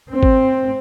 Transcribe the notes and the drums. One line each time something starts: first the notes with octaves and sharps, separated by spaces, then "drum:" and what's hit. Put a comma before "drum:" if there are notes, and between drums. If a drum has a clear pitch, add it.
C4
drum: kick G#1